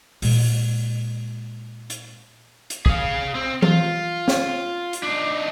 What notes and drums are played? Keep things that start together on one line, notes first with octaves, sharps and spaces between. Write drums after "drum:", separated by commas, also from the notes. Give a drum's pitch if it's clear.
A#2 G#3, drum: open hi-hat
drum: hi-hat
drum: hi-hat
G#4 F5, drum: kick
C4
F4, drum: tom E3
drum: snare
drum: hi-hat
D4 D#4